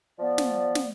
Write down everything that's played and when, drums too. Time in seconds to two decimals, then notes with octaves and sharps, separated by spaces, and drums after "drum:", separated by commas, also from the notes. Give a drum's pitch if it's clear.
0.19 F3 B3 D5
0.38 drum: snare
0.75 drum: snare